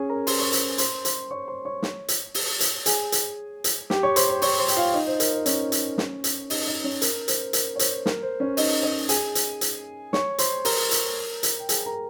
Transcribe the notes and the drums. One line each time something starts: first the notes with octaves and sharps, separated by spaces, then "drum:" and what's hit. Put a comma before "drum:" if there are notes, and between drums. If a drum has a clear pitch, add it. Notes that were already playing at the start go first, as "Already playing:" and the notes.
Already playing: C#4 G#4 C#5 G#5
A#4 A#5
C5 C6, drum: open hi-hat
C#5 C#6
C5 C6, drum: hi-hat
C5 C6, drum: hi-hat
C5 C6, drum: hi-hat
C#5 C#6
C5 C6
C#5 C#6
drum: snare
drum: hi-hat
drum: open hi-hat
drum: hi-hat
G#4 G#5, drum: hi-hat
drum: hi-hat
drum: hi-hat
G4 G5, drum: snare
C#5 C#6
C5 C6, drum: hi-hat
C5 C6
C#5 C#6, drum: open hi-hat
C5 C6
G5, drum: hi-hat
F4 F5
D#4 D#5
C5
A#4, drum: hi-hat
C5
C#4 C#5, drum: hi-hat
drum: hi-hat
drum: snare
drum: hi-hat
D#4 D#5, drum: open hi-hat
D#4 D#5
C#4 C#5
A#4, drum: hi-hat
C5, drum: hi-hat
A#4, drum: hi-hat
C#5
C5, drum: hi-hat
A#4, drum: snare
C5
C#4 C#5
D#4 D#5, drum: open hi-hat
D#4 D#5
G#4 G#5, drum: hi-hat
drum: hi-hat
drum: hi-hat
C#5 C#6, drum: snare
C5 C6, drum: hi-hat
A#4 A#5, drum: open hi-hat
drum: hi-hat
drum: hi-hat
G5
G#4 G#5, drum: hi-hat
A#4 A#5